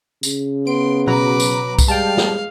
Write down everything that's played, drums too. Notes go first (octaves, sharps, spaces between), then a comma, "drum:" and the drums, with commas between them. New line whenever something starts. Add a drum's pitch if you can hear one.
C#3, drum: tambourine
B3 C6 D7
B2 F#3 B4 A#5 D6
drum: tambourine
drum: kick, tambourine
G3 G#3 F5 G5 A5
drum: snare